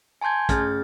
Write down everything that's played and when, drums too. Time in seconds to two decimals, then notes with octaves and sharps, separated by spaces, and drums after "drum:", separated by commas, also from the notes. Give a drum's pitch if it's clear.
0.21 G#5 A5 C6 G6 G#6
0.49 A3 C#4 G#4 F6 A6, drum: kick, hi-hat